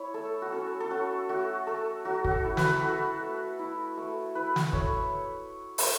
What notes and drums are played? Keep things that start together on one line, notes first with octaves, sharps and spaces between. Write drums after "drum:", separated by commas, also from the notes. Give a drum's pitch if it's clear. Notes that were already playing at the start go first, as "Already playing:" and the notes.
Already playing: E4 C#5
A3 A4
F#4
C#4 A4
A4
C#4 F#4
A3 F#4
A3 A4
F#3 F#4
F#4, drum: kick
A4
E4
B4, drum: snare
A4
E4 F#4
A4
A3
E4
A3
E4 B4
drum: snare
A3 C#5, drum: kick
drum: open hi-hat